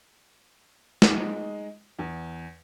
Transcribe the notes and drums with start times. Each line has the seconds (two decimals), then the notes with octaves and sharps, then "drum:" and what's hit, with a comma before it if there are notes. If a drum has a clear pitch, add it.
1.02 G#3 D#4, drum: snare
1.99 E2